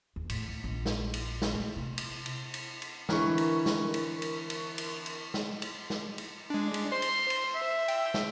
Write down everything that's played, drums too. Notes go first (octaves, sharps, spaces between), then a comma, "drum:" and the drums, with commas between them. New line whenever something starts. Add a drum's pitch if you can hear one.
E2
A2, drum: cymbal
D#2
A#1
drum: snare
drum: cymbal
drum: snare
A2
C3
drum: cymbal
drum: cymbal
drum: cymbal
drum: cymbal
D3 E3 A#4 C#6, drum: snare
drum: cymbal
drum: snare
drum: cymbal
drum: cymbal
drum: cymbal
drum: cymbal
drum: cymbal
drum: snare
drum: cymbal
drum: snare
drum: cymbal
G#3 D4
drum: cymbal
C5 C6
drum: cymbal
drum: cymbal
E5
G5, drum: cymbal
drum: snare